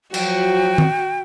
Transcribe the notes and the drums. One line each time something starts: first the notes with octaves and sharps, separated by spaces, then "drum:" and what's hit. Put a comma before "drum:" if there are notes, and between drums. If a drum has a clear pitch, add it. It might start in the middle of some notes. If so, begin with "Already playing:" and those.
F3 F#3 F#4 G5, drum: cymbal
drum: tom D#3